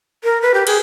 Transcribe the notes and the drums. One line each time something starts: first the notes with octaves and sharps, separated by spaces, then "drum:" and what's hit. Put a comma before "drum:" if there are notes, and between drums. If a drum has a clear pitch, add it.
A#4
B4
G4
G#4, drum: cymbal